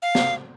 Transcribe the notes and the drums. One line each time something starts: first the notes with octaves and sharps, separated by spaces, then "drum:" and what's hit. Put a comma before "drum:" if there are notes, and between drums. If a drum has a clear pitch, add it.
F5
drum: snare